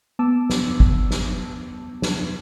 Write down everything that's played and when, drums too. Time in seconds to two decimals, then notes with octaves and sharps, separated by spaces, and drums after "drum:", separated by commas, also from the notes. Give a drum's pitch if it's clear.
0.19 B3 A5 D6 E6
0.50 drum: snare
0.80 drum: kick
1.11 drum: snare
2.02 drum: snare